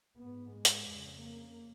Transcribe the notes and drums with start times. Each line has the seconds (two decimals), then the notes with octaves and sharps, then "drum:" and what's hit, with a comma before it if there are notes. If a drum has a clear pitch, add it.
0.21 G#2 B3
0.54 G#3
0.65 drum: hi-hat
0.88 F2 C#3
1.21 A#3